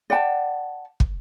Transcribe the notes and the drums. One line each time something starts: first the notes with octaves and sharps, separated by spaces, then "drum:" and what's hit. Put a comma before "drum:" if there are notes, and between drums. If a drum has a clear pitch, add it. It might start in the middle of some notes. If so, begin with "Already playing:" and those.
D5 F#5 G5 A5
drum: kick